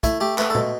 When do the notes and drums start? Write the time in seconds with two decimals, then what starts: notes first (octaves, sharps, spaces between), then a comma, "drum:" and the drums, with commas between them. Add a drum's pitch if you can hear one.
0.03 A3 E4, drum: kick, hi-hat
0.20 A3 G4
0.38 A3 B4, drum: clap
0.50 A4
0.55 B2, drum: tom A#2